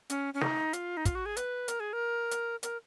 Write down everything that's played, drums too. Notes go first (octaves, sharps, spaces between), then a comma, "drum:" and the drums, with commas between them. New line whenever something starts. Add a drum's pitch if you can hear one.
C#4, drum: hi-hat
C#4
D#4, drum: snare
F4, drum: hi-hat
D#4
F4, drum: kick, hi-hat
F#4
G#4
B4, drum: hi-hat
A#4, drum: hi-hat
G#4
A#4
drum: hi-hat
A#4, drum: hi-hat